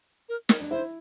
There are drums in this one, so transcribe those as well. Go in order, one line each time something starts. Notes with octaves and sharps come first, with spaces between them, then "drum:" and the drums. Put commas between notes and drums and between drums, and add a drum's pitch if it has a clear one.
A#4
A#4, drum: snare
D4
E4 C5